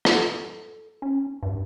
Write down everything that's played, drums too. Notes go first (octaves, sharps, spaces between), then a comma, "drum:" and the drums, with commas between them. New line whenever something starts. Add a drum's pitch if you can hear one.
A4, drum: rim click
C#4
G2